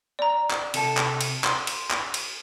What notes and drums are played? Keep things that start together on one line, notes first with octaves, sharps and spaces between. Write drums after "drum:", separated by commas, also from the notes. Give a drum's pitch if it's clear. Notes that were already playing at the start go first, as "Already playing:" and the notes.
D5 A#5
drum: clap
C3 A4 A5, drum: cymbal
drum: clap
drum: cymbal
C6, drum: clap
drum: cymbal
drum: clap
drum: cymbal